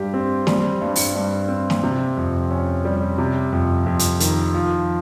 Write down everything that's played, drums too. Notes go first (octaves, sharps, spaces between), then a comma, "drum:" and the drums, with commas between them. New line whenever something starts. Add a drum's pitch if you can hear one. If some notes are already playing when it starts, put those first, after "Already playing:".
Already playing: G2 G3 G4
C4
G3, drum: snare
G2
drum: open hi-hat
G2
C4
drum: snare
C3
F2
C#4
G3
C3
F2
F2
drum: hi-hat
D#3, drum: hi-hat
F3